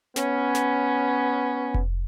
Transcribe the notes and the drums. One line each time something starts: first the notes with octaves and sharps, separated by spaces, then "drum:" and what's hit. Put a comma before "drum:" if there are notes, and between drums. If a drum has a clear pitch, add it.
B3 C#4, drum: snare
drum: snare
drum: kick F1